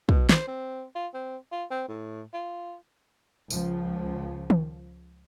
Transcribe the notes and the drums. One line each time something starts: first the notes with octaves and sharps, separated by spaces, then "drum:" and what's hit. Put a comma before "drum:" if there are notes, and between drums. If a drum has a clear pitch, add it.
B2, drum: kick
C5, drum: snare
C4
F4
C4
F4
C4
A2
F4
C#2 F3, drum: tambourine
drum: tom D#3